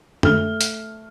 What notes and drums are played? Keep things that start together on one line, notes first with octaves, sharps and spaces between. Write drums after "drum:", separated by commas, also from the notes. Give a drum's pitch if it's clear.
A3 F6 G7, drum: tom F#2
drum: hi-hat